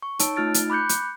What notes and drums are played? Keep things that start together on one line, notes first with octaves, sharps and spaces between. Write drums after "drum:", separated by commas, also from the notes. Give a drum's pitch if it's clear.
C#6
D#4 C#5 A5 E6 D7, drum: hi-hat
A3 D#4 F4 F6 A6 D7
drum: hi-hat
B5 D6 F#6 G6 C#7
drum: hi-hat